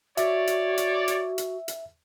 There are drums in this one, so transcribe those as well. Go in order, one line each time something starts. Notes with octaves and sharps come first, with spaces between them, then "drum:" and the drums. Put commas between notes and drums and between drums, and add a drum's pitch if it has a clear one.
F#4 C#5 D5 E5, drum: hi-hat
drum: hi-hat
drum: hi-hat
drum: hi-hat
drum: hi-hat
drum: hi-hat